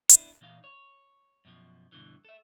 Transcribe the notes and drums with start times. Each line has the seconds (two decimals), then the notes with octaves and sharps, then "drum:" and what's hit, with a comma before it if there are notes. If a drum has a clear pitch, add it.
0.09 B3 D4 E4, drum: hi-hat
0.41 A#2 E3 D#4 F5
0.64 C#5
1.45 F#2 B2 D#3 F3
1.92 G2 B2 D3 E3
2.25 A4 E5